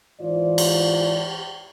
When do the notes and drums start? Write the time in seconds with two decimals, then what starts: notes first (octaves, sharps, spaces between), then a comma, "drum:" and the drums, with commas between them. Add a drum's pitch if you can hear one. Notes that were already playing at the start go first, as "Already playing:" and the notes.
0.21 G#2 E3 F4 C5 D5
0.58 drum: cymbal